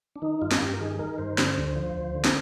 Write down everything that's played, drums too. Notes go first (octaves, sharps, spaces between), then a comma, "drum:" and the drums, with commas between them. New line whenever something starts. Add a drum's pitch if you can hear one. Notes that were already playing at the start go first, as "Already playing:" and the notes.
D4
D#3 D#4
G2 F4
drum: snare
G2 G4
A#4
D#3 G#4
D#3 A#4
G2 C5
D3, drum: snare
D2
F3
D2
D3
drum: snare